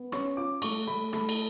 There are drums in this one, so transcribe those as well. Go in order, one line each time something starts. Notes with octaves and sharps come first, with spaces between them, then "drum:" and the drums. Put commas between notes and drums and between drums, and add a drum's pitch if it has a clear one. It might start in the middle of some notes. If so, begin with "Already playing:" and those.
Already playing: B3
C#4 C#6, drum: rim click
F4 D6
A3 C#6, drum: cymbal
A3 B5
A3 B5, drum: rim click
drum: cymbal